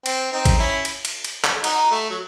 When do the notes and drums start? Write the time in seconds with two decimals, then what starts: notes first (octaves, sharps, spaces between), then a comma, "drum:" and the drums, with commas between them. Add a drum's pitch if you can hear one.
0.06 C4, drum: cymbal
0.32 C4 D#4
0.45 drum: kick, cymbal
0.58 C#4 E4
0.85 drum: cymbal
1.05 drum: cymbal
1.24 drum: cymbal
1.44 drum: clap
1.64 D#4 F#4, drum: cymbal
1.91 A3
2.10 F#3